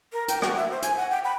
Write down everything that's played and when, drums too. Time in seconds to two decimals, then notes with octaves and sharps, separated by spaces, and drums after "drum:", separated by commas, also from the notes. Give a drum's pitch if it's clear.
0.13 A#4
0.28 G5, drum: hi-hat
0.42 F#4, drum: rim click
0.56 E5
0.71 C5
0.82 G#5, drum: hi-hat
0.97 F#5
1.11 G5
1.24 B5